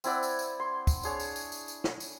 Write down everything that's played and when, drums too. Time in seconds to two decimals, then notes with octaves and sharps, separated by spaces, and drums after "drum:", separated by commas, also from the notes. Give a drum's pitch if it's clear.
0.04 C4 E4 D5 F#5, drum: tambourine
0.23 drum: tambourine
0.39 drum: tambourine
0.60 C6
0.87 drum: kick, tambourine
1.03 D4 G#4 C#5, drum: tambourine
1.20 drum: tambourine
1.36 drum: tambourine
1.52 drum: tambourine
1.68 drum: tambourine
1.84 drum: snare
2.00 drum: tambourine